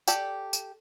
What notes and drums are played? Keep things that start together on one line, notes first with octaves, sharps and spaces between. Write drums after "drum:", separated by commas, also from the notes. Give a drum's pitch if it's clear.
G4 A4 D5 G5, drum: tambourine
drum: tambourine